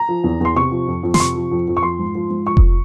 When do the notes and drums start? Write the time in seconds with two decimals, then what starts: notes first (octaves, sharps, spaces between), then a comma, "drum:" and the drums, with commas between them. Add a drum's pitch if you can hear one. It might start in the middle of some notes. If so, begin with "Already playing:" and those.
Already playing: A#5
0.09 F3
0.24 E2
0.41 E2 C6
0.55 C3 C#6
0.71 F3
0.88 F2
1.03 F2
1.14 C6, drum: snare
1.20 C3 C#6
1.35 F3
1.51 F2
1.68 F2
1.77 C#6
1.82 F3 C6
1.99 G#2
2.15 F3
2.31 G#2
2.46 F3 C#6
2.57 drum: kick F1